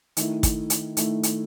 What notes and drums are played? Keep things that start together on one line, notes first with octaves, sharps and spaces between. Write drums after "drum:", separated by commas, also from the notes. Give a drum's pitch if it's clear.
D#3 A3 E4, drum: hi-hat
drum: kick, hi-hat
drum: hi-hat
D#3 A3 E4, drum: hi-hat
drum: hi-hat